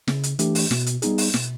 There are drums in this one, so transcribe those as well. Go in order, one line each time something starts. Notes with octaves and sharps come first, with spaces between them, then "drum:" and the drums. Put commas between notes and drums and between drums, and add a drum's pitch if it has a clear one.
C#3, drum: snare
drum: hi-hat
E3 A3 D4 G4, drum: hi-hat
drum: open hi-hat
B2, drum: snare
drum: hi-hat
G3 B3 D#4 G#4, drum: hi-hat
drum: open hi-hat
B2, drum: snare